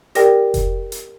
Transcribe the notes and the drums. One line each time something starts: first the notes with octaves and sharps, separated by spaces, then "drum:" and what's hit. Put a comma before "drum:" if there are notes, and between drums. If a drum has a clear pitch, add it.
G4 A#4 D5 G5 A#6, drum: hi-hat
drum: kick F1, hi-hat
drum: hi-hat